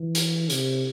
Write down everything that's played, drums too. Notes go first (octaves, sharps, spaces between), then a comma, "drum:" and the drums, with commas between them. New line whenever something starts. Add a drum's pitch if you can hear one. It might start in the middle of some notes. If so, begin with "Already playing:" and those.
Already playing: E3
drum: hi-hat
C3, drum: hi-hat